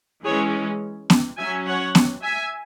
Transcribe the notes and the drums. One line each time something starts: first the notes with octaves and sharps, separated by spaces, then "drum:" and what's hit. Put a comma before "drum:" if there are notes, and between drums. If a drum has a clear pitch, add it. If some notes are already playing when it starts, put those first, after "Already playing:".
E3 G#3 C#4 G#4 C#5
drum: snare B3
F#3 C#4 E5 G#5
C#5 F#5
drum: snare B3
E5 G#5